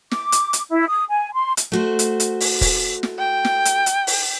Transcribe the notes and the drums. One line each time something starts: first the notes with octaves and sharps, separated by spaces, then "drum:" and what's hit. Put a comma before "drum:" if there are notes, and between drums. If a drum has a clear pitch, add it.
D6, drum: snare
drum: hi-hat
drum: hi-hat
E4
D#6
G#5
C6
drum: hi-hat
A3 F#4 C5
drum: hi-hat
drum: hi-hat
drum: open hi-hat
drum: kick, open hi-hat
drum: snare
G5
drum: snare
drum: hi-hat
drum: hi-hat
drum: open hi-hat